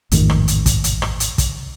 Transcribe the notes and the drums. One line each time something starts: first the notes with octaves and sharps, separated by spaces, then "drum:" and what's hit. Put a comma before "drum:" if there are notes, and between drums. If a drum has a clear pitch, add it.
A1 F2 G#2 D#3, drum: hi-hat
drum: rim click
drum: hi-hat
drum: kick, hi-hat
drum: hi-hat
drum: rim click
drum: hi-hat
drum: kick, hi-hat